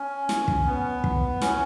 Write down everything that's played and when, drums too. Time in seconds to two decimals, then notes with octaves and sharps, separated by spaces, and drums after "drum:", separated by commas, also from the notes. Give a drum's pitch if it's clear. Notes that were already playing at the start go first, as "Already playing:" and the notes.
Already playing: C#4
0.29 drum: snare
0.48 drum: kick
0.67 B3
1.04 drum: kick
1.42 C#4, drum: snare